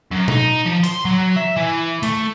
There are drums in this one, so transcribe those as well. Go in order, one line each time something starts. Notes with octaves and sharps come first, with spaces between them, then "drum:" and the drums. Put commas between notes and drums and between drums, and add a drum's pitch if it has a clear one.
F#2
D#4, drum: tom B2
F3
C6, drum: hi-hat
F#3
E5
E3
A3, drum: hi-hat